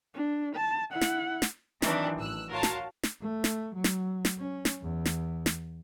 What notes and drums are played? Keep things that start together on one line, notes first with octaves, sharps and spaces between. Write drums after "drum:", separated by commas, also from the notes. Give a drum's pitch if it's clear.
D4
A5
E4 F#5
drum: snare
drum: snare
D#3 E3 F#3 C4 D4, drum: snare
A1 E6 F#6
F4 F#4 A#4 C#5 F5 A5
drum: snare
drum: snare
A3
drum: snare
F#3
drum: snare
drum: snare
C#4
drum: snare
E2
drum: snare
drum: snare